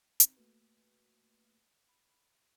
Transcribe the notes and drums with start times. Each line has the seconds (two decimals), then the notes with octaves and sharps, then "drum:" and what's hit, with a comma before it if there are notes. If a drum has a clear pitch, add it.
0.20 C4 D#4, drum: hi-hat
0.37 A3 A#3 F#4 B4
1.89 B5